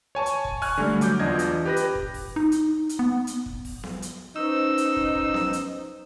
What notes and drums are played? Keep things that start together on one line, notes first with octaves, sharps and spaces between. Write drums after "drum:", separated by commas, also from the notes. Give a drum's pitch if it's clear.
C#5 G#5 A5 C#6
drum: hi-hat
drum: kick
G#5 C#6 F6 F#6 G#6, drum: kick, open hi-hat
D3 G3 A3
F#3 D6 G6, drum: hi-hat
E2 D4 F4 D#5 G#6
drum: hi-hat
G4 B4 A#6
drum: hi-hat
drum: kick
drum: kick, open hi-hat
D#4
drum: hi-hat
drum: hi-hat
B3
drum: hi-hat
drum: kick
drum: kick, open hi-hat
drum: snare B3
drum: hi-hat
C#4 D#4 B4 C5 E6
drum: hi-hat
drum: kick
drum: kick
drum: snare B3
drum: hi-hat